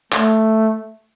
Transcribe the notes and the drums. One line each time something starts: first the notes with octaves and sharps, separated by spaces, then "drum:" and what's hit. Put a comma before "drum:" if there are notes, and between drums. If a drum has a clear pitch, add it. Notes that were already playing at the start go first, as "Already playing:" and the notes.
A3, drum: clap